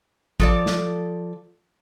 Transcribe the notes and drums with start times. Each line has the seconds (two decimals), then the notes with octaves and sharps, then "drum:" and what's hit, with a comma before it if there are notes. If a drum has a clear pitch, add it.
0.40 F3 A4 D5, drum: kick
0.66 drum: snare